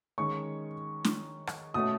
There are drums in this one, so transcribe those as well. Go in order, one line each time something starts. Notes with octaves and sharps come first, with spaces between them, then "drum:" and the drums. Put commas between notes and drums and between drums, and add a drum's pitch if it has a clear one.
D#3 G#3 C#4 C#6
drum: snare
drum: rim click
B2 A3 C#4 D#6